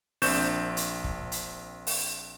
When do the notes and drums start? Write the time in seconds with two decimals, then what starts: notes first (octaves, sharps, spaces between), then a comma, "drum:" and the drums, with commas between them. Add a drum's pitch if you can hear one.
0.22 A#1 C4 D4 C#6 G6 E7, drum: open hi-hat
0.77 drum: hi-hat
1.04 drum: kick F#1
1.32 drum: hi-hat
1.87 drum: open hi-hat